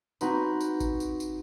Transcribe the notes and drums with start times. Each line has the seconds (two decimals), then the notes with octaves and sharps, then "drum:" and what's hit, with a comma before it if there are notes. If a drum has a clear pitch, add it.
0.21 C4 D#4 F#4 B4, drum: tambourine
0.61 drum: tambourine
0.80 drum: kick G#1, tambourine
1.00 drum: tambourine
1.20 drum: tambourine